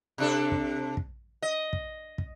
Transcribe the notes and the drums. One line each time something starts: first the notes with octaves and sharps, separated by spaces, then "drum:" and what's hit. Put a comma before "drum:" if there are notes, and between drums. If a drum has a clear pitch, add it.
C3 D4 A4
drum: kick
drum: kick
D#5
drum: kick
drum: kick